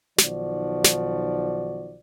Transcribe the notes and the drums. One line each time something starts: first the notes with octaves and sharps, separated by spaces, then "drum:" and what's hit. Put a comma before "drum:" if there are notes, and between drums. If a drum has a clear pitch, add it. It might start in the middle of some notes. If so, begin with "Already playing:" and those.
B1 D#3 F3 F#4 D5, drum: snare
drum: snare